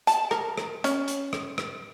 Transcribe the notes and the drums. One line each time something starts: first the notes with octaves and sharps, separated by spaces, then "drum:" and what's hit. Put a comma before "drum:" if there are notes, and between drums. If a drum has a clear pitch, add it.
A5, drum: hi-hat
A#4, drum: rim click
drum: rim click
C#4, drum: hi-hat
drum: hi-hat
drum: rim click
drum: rim click